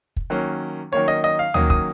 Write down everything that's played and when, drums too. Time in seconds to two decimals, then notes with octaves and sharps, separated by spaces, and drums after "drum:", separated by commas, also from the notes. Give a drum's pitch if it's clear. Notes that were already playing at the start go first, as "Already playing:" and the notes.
0.17 drum: kick
0.30 D#3 F#3 A#3 C#4
0.92 D#3 F#3 A#3 C#4 C#5
1.08 D#5
1.24 D#5
1.39 F5
1.54 D#3 F#3 A#3 C#4 D#6, drum: tom D2
1.70 D#6, drum: kick